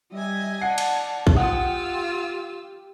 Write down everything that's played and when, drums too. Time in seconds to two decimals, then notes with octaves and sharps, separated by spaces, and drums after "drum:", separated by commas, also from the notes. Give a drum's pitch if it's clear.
0.12 G3 D#5 E5 G#5
0.62 D5 F#5 A5 C7
0.78 drum: cymbal
1.27 drum: kick A#1
1.36 F4 G4 F#5 G5 D#6 E6